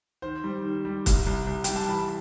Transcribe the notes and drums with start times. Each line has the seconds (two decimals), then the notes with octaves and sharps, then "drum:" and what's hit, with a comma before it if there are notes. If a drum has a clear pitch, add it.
0.22 D#3 C5
0.44 G3
0.64 D#3
0.85 G3
1.06 C2, drum: kick, hi-hat
1.26 C2
1.47 C2
1.64 G3 G5, drum: hi-hat
1.76 A5
1.89 E3 B5